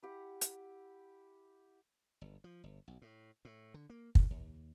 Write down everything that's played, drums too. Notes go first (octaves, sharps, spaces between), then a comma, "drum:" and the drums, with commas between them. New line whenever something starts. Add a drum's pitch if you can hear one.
E4 G4 F#5
drum: hi-hat
G1
F3
G1
B1
A2
A2
D3
A#3
D2, drum: kick
D#2